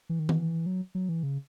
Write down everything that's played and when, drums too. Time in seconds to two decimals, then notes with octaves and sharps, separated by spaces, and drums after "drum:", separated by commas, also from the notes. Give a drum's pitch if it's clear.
0.09 E3
0.19 D#3
0.29 E3, drum: tom D#3
0.66 F#3
0.95 F#3
1.09 E3
1.23 C#3